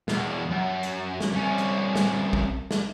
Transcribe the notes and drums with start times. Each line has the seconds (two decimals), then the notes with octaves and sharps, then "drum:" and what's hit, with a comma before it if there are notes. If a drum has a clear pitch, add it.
0.08 E2 B2, drum: snare
0.50 F#2
0.83 drum: hi-hat
1.20 drum: snare
1.31 C2 C#4
1.58 drum: hi-hat
1.96 drum: snare
2.33 drum: kick
2.71 drum: snare